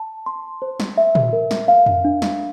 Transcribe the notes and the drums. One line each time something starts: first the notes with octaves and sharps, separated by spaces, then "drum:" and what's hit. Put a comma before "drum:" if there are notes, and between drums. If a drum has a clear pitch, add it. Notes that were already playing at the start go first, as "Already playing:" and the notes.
Already playing: A5
C6
C5
drum: snare
E5
drum: tom A#2
A#4
drum: snare
F5
drum: tom F2
D4
drum: snare